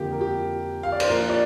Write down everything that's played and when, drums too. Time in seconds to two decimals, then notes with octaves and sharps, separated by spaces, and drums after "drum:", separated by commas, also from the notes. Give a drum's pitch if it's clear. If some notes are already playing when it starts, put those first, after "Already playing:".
Already playing: F2 D3 A#3 G4
0.11 A#4
0.21 G4
0.83 F5
0.92 D5
1.00 C5, drum: cymbal
1.08 A#2 F3 A#3 A#4
1.30 D5